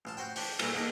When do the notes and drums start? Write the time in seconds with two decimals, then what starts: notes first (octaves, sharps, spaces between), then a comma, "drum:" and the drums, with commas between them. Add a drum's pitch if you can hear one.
0.05 A1 F4 A5
0.17 F#4 C5 G5
0.36 D4 D5 G5, drum: open hi-hat
0.59 G2 A#2 E4 A#4 C#6, drum: cymbal
0.74 E2 A#3 D4 D#4 D#5